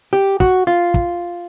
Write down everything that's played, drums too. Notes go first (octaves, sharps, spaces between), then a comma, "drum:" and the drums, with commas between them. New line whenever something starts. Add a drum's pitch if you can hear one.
G4
F#4, drum: kick
F4
drum: kick